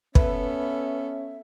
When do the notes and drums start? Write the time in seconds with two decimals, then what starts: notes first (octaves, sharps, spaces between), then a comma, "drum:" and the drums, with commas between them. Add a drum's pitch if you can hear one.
0.15 B3 C#4 A4 B4 E5, drum: kick